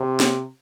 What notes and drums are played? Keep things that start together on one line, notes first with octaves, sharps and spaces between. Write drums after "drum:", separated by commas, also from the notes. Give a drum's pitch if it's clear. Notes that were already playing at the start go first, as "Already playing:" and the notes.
Already playing: C3
drum: snare